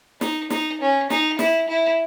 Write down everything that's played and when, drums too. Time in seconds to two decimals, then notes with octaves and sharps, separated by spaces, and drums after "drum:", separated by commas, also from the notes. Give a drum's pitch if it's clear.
0.21 D#4, drum: snare
0.50 D#4, drum: snare
0.80 C#4
1.10 D#4, drum: snare
1.39 E4, drum: snare
1.68 E4